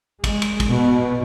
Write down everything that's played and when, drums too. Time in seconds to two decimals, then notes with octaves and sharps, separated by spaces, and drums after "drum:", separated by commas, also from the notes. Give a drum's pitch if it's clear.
0.24 G#3, drum: kick, cymbal
0.42 drum: cymbal
0.60 drum: kick, cymbal
0.71 B2